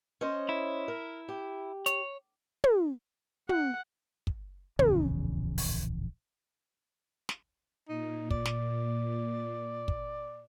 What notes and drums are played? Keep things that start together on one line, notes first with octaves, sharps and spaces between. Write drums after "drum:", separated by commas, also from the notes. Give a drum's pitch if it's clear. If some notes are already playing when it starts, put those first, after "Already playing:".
C#4 C5 D#5
E4
A#4
G4
C#5, drum: hi-hat
drum: tom
F#5, drum: tom
drum: kick
D1 A#1 E2 C#3, drum: tom
drum: open hi-hat
drum: snare
A#2 D#4
D5, drum: kick
drum: snare
drum: kick